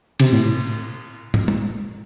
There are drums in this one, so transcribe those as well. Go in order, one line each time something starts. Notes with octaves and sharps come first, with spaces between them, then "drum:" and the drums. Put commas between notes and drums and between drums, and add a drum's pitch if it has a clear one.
C3, drum: cymbal
A2
A2
drum: tom
drum: tom